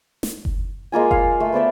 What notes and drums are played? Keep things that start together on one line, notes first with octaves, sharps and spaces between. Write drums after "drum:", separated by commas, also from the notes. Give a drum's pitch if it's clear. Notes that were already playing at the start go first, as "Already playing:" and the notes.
drum: snare
drum: kick F#1
G#3 A#3 F4 G#5
F5 G#5, drum: kick F#1
A3
B3 C5 D5 E5